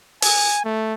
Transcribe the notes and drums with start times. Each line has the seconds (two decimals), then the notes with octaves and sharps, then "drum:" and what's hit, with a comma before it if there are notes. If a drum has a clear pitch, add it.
0.22 G#5, drum: open hi-hat
0.65 A3